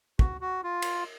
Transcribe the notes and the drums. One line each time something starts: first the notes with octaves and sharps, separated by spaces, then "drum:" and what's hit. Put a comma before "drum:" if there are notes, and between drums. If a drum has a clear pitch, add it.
F#4, drum: kick
F#4
F4
drum: cymbal